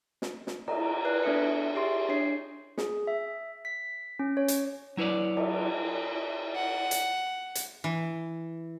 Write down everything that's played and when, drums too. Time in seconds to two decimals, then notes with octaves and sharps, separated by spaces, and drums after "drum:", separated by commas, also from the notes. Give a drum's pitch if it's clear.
0.22 drum: snare
0.47 drum: snare
0.68 A#5, drum: cymbal
1.05 B4 D5 F#6
1.23 B3 D4 A4 E5 C#7
1.75 G4 G#4 E5 C6
2.09 D4 C#5 C7
2.78 G#4, drum: snare
3.07 E5
3.65 B6
4.19 C#4
4.37 C#5
4.48 drum: hi-hat
4.97 F#3 E4 B4 C#5 D5
5.37 drum: cymbal
6.56 F#5
6.91 drum: hi-hat
7.55 drum: hi-hat
7.84 E3